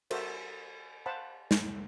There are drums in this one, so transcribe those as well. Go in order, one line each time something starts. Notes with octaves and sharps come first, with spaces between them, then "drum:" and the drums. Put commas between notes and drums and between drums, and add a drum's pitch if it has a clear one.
F#4 A4 A#4 C5 E5, drum: cymbal
C5 F5 F#5 A5 B5
drum: snare